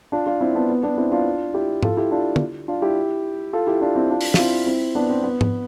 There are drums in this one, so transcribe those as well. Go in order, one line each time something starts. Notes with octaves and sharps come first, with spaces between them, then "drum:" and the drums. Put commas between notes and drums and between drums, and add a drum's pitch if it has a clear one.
D4 F4
D4 F4
C4 E4
B3 D4
B3
B3 D4
C4 E4
D4 F4
E4 G4
F4 A4, drum: tom G#2
E4 G4
D4 F4
drum: tom
D4 F4
E4 G4
F4 A4
E4 G4
D4 F4
C4 E4
D4 F4
drum: open hi-hat
F4, drum: snare
C4 E4
C4 E4
B3 D4
C4
B3
drum: tom G#2